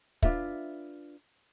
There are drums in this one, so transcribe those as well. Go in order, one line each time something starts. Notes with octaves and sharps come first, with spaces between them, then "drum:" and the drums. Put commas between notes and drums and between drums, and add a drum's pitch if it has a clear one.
D4 F4 B4 E5, drum: kick